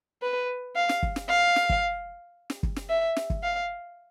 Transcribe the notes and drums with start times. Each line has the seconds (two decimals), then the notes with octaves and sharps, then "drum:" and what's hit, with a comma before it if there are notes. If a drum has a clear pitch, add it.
0.22 B4
0.76 F5
0.89 drum: snare
1.03 drum: kick
1.16 drum: snare
1.29 F5
1.56 drum: snare
1.69 drum: kick
2.50 drum: snare
2.63 drum: kick
2.76 drum: snare
2.89 E5
3.17 drum: snare
3.30 drum: kick
3.43 F5